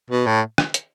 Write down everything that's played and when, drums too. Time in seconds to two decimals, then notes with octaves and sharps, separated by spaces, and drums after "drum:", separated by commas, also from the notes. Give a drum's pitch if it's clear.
0.10 B2
0.26 A2
0.58 drum: rim click
0.74 drum: hi-hat